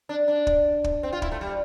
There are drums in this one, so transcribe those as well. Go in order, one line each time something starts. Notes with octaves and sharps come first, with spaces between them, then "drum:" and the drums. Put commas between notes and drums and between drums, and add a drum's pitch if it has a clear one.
D4
D4
drum: kick
drum: kick
C4
F4
E4, drum: kick
A3
G3